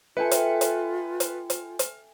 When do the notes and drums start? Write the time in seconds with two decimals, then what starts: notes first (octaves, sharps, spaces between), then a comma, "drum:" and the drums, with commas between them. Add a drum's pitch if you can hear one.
0.17 F4 A4 B4 E5 G5 G#5 C#7
0.31 drum: hi-hat
0.61 drum: hi-hat
1.20 drum: hi-hat
1.50 drum: hi-hat
1.79 drum: hi-hat